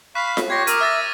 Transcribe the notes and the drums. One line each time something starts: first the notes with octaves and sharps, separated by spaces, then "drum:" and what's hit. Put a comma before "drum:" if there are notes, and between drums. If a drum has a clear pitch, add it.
F5 B5 C#6 F#6 B6
drum: snare F4
G4 C#5 C6 G#6 A#6
A#4 D6 D#6 D#7, drum: hi-hat
E5 F6 A6 A#6